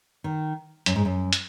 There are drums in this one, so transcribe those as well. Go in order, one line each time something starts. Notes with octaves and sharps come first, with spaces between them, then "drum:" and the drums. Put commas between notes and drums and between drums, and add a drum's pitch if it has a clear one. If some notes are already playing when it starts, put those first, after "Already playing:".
D#3
F#2, drum: hi-hat
G#2
F#2
drum: hi-hat